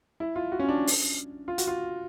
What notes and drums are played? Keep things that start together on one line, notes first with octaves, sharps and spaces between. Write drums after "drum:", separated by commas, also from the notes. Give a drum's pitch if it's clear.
E4
F4
F#4
C#4
D4
drum: open hi-hat
F4
F#4, drum: hi-hat
F4